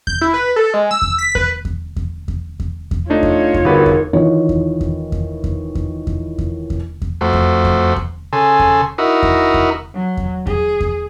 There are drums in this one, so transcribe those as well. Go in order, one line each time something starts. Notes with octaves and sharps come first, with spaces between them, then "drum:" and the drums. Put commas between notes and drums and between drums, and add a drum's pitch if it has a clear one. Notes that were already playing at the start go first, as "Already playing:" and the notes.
G6, drum: kick E2
E4
B4
A4
G#3
E6
drum: kick E2
B6
B4, drum: kick E2
drum: kick E2
drum: kick E2
drum: kick E2
drum: kick E2
drum: kick E2
A3 D4 D#4 F4 C#5
drum: kick E2
drum: kick E2
G1 D#4 F#4 G#4 A#4 B4
drum: kick E2
D#3 E3 D#4 F4 C#5
drum: kick E2
drum: kick E2
drum: kick E2
drum: kick E2
drum: kick E2
drum: kick E2
drum: kick E2
drum: kick E2
drum: kick E2
F2 A3 F#4 C5
drum: kick E2
drum: kick E2
drum: kick E2
C#3 A4 G#5 C6
drum: kick E2
D#4 E4 F#4 A#4
drum: kick E2
drum: kick E2
F#3
drum: kick E2
G#4, drum: kick E2
drum: kick E2